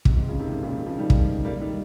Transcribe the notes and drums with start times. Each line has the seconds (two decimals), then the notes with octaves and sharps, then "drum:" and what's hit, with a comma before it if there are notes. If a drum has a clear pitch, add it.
0.05 G#2 C3, drum: kick
0.17 G#2
0.28 C#3 F3
0.40 C3 D#3
0.52 C3 D#3
0.63 A#2 C#3
0.75 C3 D#3
0.86 C#3 F3
0.98 D#3 G3
1.10 drum: kick
1.45 G3 A#3
1.62 D#3 G3